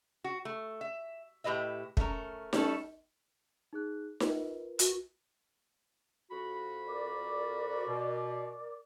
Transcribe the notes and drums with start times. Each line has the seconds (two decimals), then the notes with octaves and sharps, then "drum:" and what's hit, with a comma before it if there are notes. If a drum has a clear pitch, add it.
0.24 F#4
0.45 A3
0.81 E5
1.44 A2 G4 B4 D#5 E5
1.97 A3 C#4 D4 A#4, drum: kick
2.53 G3 A3 C#4 A4, drum: snare D#4
3.73 D#4 G#4 F#6
4.20 F4 A#4 B4, drum: snare D#4
4.79 F#4, drum: hi-hat
6.31 F2 F#4 B5
6.86 A#4 D5 D6
7.88 B2